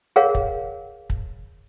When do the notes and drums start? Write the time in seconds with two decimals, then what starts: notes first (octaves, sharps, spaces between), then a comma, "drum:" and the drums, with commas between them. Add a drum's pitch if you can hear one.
0.16 G#4 A#4 C#5 F5 F#5
0.35 drum: kick
1.10 drum: kick